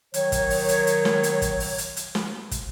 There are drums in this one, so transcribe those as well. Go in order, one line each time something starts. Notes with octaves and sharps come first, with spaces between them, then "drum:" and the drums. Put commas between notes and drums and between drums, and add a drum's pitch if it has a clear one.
D#3 F#3 C#5, drum: hi-hat
drum: kick, hi-hat
drum: open hi-hat
drum: hi-hat
drum: hi-hat
drum: snare
drum: hi-hat
drum: kick, hi-hat
drum: open hi-hat
drum: hi-hat
drum: hi-hat
drum: snare
drum: kick, hi-hat